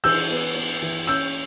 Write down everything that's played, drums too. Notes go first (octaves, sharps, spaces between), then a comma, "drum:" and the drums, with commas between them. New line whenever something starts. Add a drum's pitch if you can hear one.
E3 E6 G6, drum: cymbal
B3
B3
E3
C#4 E6 G6, drum: hi-hat